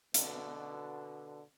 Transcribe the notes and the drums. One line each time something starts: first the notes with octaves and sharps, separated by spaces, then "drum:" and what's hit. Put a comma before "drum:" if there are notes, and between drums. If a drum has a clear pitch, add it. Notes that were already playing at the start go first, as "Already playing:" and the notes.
B2 D3, drum: hi-hat